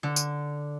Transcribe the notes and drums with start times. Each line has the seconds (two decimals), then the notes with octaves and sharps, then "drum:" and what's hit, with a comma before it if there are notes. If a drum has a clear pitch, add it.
0.03 D3
0.16 drum: tambourine